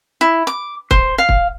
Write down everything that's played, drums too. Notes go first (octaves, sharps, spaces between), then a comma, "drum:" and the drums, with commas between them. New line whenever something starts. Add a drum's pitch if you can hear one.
E4
D6
C5, drum: kick
F5
drum: kick